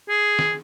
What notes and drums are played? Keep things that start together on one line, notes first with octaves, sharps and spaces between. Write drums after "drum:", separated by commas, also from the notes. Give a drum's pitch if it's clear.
G#4
drum: snare